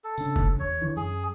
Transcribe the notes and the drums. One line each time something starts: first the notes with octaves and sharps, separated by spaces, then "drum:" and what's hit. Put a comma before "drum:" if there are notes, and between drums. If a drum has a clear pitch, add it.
A4
C#3 D4, drum: tambourine
drum: kick
E2 C#5
D3 E3
F#2 G#4